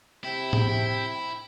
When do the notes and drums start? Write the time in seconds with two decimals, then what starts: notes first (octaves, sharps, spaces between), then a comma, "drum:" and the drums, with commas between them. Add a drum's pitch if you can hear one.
0.24 C3 E4 G5
0.53 drum: tom A2